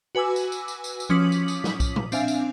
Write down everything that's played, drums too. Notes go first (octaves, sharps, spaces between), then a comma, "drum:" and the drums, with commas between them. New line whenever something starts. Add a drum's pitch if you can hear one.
F#4 B4 G#5 D6 E6
drum: tambourine
drum: tambourine
drum: tambourine
drum: tambourine
drum: tambourine
F3 C#4 D6 D#6 B6 F#7
drum: tambourine
drum: tambourine
drum: snare
drum: kick B1, tambourine
drum: tom
C4 D4 E5 F5 G#5, drum: tambourine
drum: tambourine